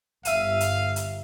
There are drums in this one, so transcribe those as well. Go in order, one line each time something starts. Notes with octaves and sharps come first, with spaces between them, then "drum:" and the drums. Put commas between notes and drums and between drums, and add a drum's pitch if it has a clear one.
G1 E5 F5 D#7, drum: hi-hat
drum: hi-hat
drum: hi-hat